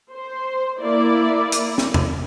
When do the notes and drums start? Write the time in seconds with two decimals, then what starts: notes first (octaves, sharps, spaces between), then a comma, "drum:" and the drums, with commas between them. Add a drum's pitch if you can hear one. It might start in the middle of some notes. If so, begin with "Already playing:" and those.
0.13 C5
0.81 A#3 E4 D5
1.52 drum: hi-hat
1.78 drum: snare
1.94 drum: tom E2